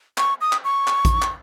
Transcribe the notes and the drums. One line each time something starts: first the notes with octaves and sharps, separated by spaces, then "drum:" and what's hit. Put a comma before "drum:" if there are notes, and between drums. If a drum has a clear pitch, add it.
C#6, drum: clap
D#6
drum: clap
C#6
drum: clap
drum: kick A1, hi-hat
drum: clap